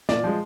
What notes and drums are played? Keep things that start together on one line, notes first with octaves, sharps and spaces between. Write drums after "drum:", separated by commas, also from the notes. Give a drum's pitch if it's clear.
A#2 D5, drum: snare
F3 G#3